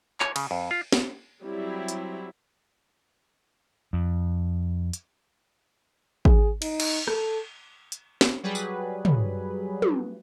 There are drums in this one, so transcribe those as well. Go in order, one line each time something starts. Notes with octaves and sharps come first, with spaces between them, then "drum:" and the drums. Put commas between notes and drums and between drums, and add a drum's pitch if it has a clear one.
C#5, drum: clap
C#3, drum: cymbal
F2
F4
drum: snare
F#3 G3 C4 E4
drum: hi-hat
F2
drum: hi-hat
G#4, drum: kick G#1
D#4, drum: cymbal
drum: cymbal
A4, drum: rim click
drum: hi-hat
drum: snare
F#3 G3 G#4 B4
drum: tambourine
drum: tom
drum: tom